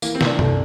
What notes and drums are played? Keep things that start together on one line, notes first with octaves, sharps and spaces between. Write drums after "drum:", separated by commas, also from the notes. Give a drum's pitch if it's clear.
E3 A#3, drum: tambourine
C4
C3, drum: snare
D4
C2 A3, drum: tom F#2